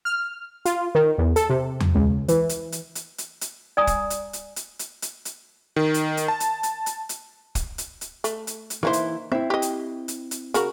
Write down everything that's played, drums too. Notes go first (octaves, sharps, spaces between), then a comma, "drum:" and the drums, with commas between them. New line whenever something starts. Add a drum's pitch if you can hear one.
F6
F4, drum: hi-hat
D#3
E2
A4, drum: hi-hat
C3
drum: tom E2
C#2
E3, drum: hi-hat
drum: hi-hat
drum: hi-hat
drum: hi-hat
drum: hi-hat
drum: hi-hat
D5 G#5 A#5 D#6
drum: kick, hi-hat
drum: hi-hat
drum: hi-hat
drum: hi-hat
drum: hi-hat
drum: hi-hat
drum: hi-hat
D#3
drum: hi-hat
drum: hi-hat
A5
drum: hi-hat
drum: hi-hat
drum: hi-hat
drum: hi-hat
drum: kick, hi-hat
drum: hi-hat
drum: hi-hat
A3, drum: hi-hat
drum: hi-hat
drum: hi-hat
E3 A#3 D#4 E4 C5
drum: hi-hat
C4 E4 E5
G4 D#5
drum: hi-hat
drum: hi-hat
drum: hi-hat
C#3 F#4 A#4, drum: hi-hat